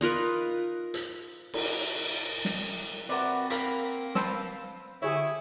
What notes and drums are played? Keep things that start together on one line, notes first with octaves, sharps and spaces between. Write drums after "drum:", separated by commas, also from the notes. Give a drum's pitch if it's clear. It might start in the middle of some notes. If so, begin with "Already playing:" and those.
D#4 F4 A#4 B4
drum: hi-hat
drum: cymbal
drum: snare
C3 C4 F#4 A#4 B4 D5
A#3 A#4 B5, drum: hi-hat
B4 C5 A5 E6, drum: snare
D3 E4 G4 G#4 C#5